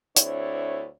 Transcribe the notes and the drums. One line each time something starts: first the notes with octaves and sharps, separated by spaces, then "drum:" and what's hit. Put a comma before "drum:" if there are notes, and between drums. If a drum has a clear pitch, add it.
D2 C4 D4 E4 C#5, drum: hi-hat